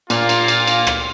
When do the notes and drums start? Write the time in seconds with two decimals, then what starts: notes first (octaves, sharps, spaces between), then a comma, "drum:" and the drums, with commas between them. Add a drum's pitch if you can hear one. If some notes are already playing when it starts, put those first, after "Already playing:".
0.10 A#2 A#3 F4, drum: cymbal
0.29 drum: cymbal
0.48 drum: cymbal
0.68 drum: cymbal
0.87 drum: rim click